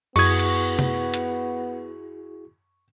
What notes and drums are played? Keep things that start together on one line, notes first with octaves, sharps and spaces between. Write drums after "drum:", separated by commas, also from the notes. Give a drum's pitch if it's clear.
F#2 B3 E4 F#4 G#4 C#6 D#6 G#6, drum: cymbal
drum: cymbal
drum: tom C3
drum: hi-hat